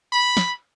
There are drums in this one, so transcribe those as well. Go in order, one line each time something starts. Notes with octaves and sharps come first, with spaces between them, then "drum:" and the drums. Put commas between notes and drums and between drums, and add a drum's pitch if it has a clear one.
B5
drum: snare